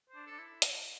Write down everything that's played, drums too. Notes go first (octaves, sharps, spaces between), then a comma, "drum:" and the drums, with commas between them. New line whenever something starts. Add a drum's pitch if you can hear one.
C5
D4
D4 A4
E4
drum: hi-hat